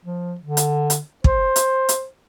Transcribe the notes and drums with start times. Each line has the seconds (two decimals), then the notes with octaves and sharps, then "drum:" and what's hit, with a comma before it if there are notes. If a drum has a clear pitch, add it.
0.05 F3
0.40 D3
0.57 drum: hi-hat
0.90 drum: hi-hat
1.24 C5, drum: kick
1.56 drum: hi-hat
1.89 drum: hi-hat